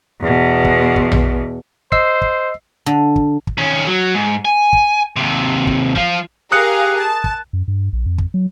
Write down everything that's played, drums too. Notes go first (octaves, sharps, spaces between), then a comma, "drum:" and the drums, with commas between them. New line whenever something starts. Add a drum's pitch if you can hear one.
E2 B2
drum: kick
drum: kick
drum: tom A#1
C5 D#5 E6 C7, drum: kick
drum: kick
D3
drum: kick
drum: kick
D#3 C#4
F#3
G#2
G#5
drum: kick
D#2 C3
drum: kick
F3 F4, drum: kick
G4 G#4 A#4 F5 D#6 F#6 C#7
A5
drum: kick
F#2
G2
A#1
F2
drum: kick
F#3